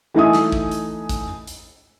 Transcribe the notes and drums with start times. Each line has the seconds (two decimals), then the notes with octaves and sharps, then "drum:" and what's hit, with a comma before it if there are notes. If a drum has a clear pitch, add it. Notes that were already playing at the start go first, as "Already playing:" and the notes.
0.14 E3 A3 D#4 E5 G#5 D#6
0.33 drum: snare
0.52 drum: kick
0.71 drum: hi-hat
1.09 drum: kick, hi-hat
1.47 drum: hi-hat